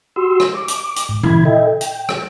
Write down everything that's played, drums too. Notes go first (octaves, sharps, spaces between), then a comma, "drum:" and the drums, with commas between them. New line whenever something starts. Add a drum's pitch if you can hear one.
F#4 G4 C6 E6
drum: rim click
D6
drum: hi-hat
drum: hi-hat
G#2
C#3 E3 E4 B5 G#6, drum: tom A#2
A4 D#5 E5 G5
G5, drum: hi-hat
drum: rim click